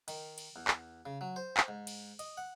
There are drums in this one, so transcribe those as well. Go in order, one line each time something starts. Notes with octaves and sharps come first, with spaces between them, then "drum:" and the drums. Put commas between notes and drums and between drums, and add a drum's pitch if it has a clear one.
D#3, drum: cymbal
drum: cymbal
E2
drum: clap
C#3
F#3
C5
drum: clap
G#2
drum: cymbal
D#5, drum: cymbal
F#5